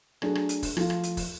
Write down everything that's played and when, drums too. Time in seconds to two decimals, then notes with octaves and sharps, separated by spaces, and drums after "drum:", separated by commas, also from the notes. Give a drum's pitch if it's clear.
0.22 F#3 A3 D4 G#4, drum: rim click
0.35 drum: rim click
0.49 drum: hi-hat
0.63 drum: kick, open hi-hat
0.77 F3 A3 F4, drum: rim click
0.90 drum: rim click
1.03 drum: hi-hat
1.17 drum: kick, open hi-hat